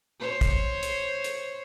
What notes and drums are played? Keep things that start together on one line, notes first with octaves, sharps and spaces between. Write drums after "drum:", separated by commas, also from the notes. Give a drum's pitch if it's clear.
C5 C#5
drum: kick, hi-hat
drum: hi-hat
drum: hi-hat